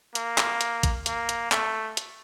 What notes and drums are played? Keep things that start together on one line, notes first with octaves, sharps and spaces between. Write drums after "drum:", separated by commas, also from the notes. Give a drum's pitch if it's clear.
A#3, drum: hi-hat
drum: clap
drum: hi-hat
drum: kick, hi-hat
A#3, drum: hi-hat
drum: hi-hat
A3, drum: clap
drum: hi-hat